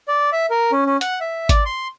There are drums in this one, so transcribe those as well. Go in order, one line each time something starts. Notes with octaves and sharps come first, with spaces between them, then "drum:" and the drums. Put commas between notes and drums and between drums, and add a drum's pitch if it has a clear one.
D5
E5
A#4
C#4
C#4
F#5, drum: hi-hat
E5
D5, drum: kick G#1, hi-hat
C6